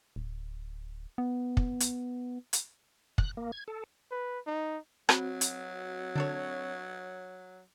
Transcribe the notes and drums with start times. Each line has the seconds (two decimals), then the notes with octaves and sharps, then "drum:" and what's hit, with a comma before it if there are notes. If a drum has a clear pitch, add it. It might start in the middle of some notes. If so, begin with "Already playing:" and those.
0.16 D1
1.18 B3
1.57 drum: kick
1.80 drum: hi-hat
2.53 drum: hi-hat
3.18 F#6, drum: kick
3.37 A#3
3.52 G#6
3.68 A4
4.11 B4
4.47 D#4
5.09 F#3 C4 F#4 B5 F#6, drum: rim click
5.41 drum: hi-hat
6.16 D3 D4 A4 C#5